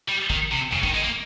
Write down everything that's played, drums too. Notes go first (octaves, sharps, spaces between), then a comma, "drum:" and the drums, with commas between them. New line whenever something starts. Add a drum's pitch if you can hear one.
G3
D#3, drum: kick
C3
C#3, drum: tom F2
D#3, drum: kick
G#3
A#3